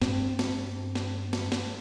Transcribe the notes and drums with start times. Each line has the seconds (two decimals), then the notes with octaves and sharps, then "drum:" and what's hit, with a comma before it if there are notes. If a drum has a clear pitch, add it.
0.02 G2 C4, drum: snare
0.39 drum: snare
0.95 drum: snare
1.33 drum: snare
1.52 drum: snare